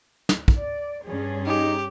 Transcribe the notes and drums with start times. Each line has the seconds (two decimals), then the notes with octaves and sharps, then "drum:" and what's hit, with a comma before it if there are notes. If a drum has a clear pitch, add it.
0.29 drum: snare
0.48 drum: kick
0.58 D5
1.05 G2 C#4 G#4
1.47 D#4 G4